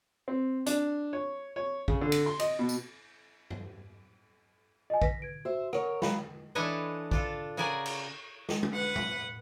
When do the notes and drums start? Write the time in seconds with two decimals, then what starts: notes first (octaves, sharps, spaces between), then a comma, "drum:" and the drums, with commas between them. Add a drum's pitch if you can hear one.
0.28 C4
0.66 D4, drum: hi-hat
1.13 C#5
1.56 C#5
1.88 C#3, drum: kick A#1
2.01 D3
2.12 drum: cymbal
2.26 C6
2.40 D#5, drum: cymbal
2.59 B2
2.69 drum: tambourine
3.50 drum: tom G2
4.90 D#5 G#5
5.02 B4 A#6 B6, drum: kick A#1
5.22 G#6 D7
5.45 F#4 C5 E5
5.73 A#4 C#5 F#5, drum: rim click
6.02 F#3 F5 G5 B5, drum: snare
6.55 E3 D4 A4 B4 C#5 D#5
7.11 D4 F4 A4, drum: kick A#1
7.57 C#3 F#4 G#4 A#4 D5 G#5
7.86 drum: cymbal
8.49 drum: snare
8.63 drum: tom
8.73 B4 F#5
8.96 drum: tom